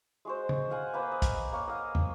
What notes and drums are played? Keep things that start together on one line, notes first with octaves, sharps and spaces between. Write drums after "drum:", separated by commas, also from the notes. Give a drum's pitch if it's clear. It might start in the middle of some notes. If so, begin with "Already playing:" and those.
G#3 F#4 C5
drum: tom C#3
F5 F#5 G#5
A#3 B4 C5
D#5
drum: kick, hi-hat
A#3 C#5 F#5
D#5 F5
drum: tom